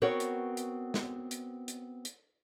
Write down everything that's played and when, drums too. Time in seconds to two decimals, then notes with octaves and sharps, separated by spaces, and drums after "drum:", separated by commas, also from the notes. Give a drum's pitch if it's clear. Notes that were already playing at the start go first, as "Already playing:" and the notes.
0.02 B3 C4 F#4 A#4 C#5
0.20 drum: hi-hat
0.57 drum: hi-hat
0.94 drum: snare
1.31 drum: hi-hat
1.68 drum: hi-hat
2.05 drum: hi-hat